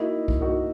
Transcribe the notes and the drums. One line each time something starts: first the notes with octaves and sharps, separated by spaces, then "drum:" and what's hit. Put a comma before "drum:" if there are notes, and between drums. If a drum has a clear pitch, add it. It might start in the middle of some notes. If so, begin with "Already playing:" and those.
Already playing: A#3 D#4 E4 F#4
drum: kick C2
A#3 D#4 F#4